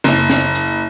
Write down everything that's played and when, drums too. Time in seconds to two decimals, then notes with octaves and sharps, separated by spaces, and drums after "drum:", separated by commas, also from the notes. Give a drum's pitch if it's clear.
0.04 F#1, drum: snare
0.30 drum: snare
0.55 drum: hi-hat